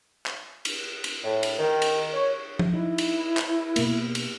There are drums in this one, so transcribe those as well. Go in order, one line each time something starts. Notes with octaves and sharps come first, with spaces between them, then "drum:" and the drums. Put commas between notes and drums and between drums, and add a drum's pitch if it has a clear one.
drum: clap
drum: cymbal
drum: cymbal
A2
drum: cymbal
D#3
drum: cymbal
C#5
drum: tom F3
D#4 E4
drum: cymbal
drum: clap
B2 A#3, drum: cymbal
drum: cymbal